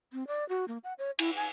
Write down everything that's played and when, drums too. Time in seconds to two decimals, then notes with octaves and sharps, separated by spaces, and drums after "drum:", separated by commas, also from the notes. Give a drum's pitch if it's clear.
0.13 C4
0.27 D5
0.49 F#4
0.68 A#3
0.84 F#5
0.99 C#5
1.19 E4, drum: cymbal
1.36 G#5